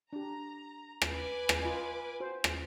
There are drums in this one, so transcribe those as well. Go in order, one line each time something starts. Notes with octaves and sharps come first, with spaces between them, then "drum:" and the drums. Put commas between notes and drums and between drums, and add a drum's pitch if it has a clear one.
D4 G4 A#5
drum: rim click
B4 G#5 D6
drum: rim click
F4 D#5
F#4 C5
drum: rim click